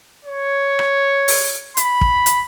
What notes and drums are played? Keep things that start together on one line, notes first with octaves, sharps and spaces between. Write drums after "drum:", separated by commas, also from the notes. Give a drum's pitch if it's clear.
C#5
drum: rim click
drum: open hi-hat
B5, drum: hi-hat
drum: kick
drum: hi-hat